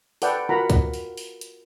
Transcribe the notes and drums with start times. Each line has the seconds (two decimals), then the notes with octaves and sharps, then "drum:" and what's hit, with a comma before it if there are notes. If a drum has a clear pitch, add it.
0.22 A4 B4 D5 F#5 G5, drum: open hi-hat
0.49 F4 F#4 A#4 F#5 A#5 B5
0.70 drum: kick, hi-hat
0.94 drum: open hi-hat
1.17 drum: open hi-hat
1.41 drum: hi-hat